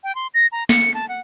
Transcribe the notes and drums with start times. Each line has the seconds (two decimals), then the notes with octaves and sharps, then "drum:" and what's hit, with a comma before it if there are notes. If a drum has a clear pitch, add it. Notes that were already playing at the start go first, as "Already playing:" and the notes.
0.03 G5
0.15 C6
0.34 A#6
0.52 A#5
0.69 C#7, drum: snare
0.94 A5
1.09 F#5